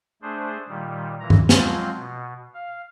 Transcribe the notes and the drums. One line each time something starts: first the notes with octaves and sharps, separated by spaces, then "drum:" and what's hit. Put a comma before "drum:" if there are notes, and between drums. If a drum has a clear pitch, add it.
A3 D4 G#4 C5
A#2 D#3 G3
A#2 E3 A#5
drum: tom G2
F3 F#3 G#3 C4 F4, drum: snare
B2
F5